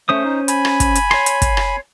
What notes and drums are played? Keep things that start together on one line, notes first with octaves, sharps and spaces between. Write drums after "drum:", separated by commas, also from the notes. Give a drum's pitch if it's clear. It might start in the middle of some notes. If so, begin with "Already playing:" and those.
A3 C#4 C5 D#6
D#4
G#5 B5, drum: hi-hat
drum: rim click
drum: kick, hi-hat
drum: hi-hat
C#5 C6, drum: rim click
drum: hi-hat
drum: kick, hi-hat
drum: rim click